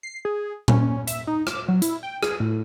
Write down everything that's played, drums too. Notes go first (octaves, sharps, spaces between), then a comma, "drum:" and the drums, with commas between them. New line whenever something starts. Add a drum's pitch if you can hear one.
C7
G#4
C#4, drum: tom A#2
E5, drum: hi-hat
D#4
D6, drum: rim click
F#3
E4, drum: hi-hat
G5
G#4, drum: rim click
A2